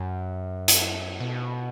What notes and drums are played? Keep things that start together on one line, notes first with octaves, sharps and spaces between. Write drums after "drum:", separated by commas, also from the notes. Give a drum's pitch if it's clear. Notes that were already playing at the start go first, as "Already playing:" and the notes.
Already playing: F#2
drum: hi-hat
B2